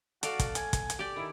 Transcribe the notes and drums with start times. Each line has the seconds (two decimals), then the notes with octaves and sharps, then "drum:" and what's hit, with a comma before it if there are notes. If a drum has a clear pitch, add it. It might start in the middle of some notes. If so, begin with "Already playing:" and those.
0.23 F#4 A4 D5 F5, drum: hi-hat
0.39 drum: kick, hi-hat
0.55 G#5, drum: hi-hat
0.73 drum: kick, hi-hat
0.90 drum: hi-hat
0.99 G4 D5
1.16 D#3 E4